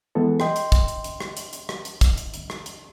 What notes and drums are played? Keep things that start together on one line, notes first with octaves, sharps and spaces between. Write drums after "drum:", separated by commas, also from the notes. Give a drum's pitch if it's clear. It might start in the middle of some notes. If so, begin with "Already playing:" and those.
E3 G#3 B3 A4
D#5 G5 C6, drum: rim click
drum: hi-hat
drum: kick, hi-hat
drum: hi-hat
drum: hi-hat
drum: rim click
drum: hi-hat
drum: hi-hat
drum: rim click
drum: hi-hat
drum: kick, hi-hat
drum: hi-hat
drum: hi-hat
drum: rim click
drum: hi-hat